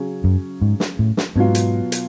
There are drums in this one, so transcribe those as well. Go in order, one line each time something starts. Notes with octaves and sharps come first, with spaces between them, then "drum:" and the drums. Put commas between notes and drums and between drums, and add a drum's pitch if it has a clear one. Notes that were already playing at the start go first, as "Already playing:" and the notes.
Already playing: C#3 F#3 C#4 G#4
F#2
G#2
drum: snare
A2
drum: snare
G#2 B2 F#3 B3 F4
drum: hi-hat
drum: hi-hat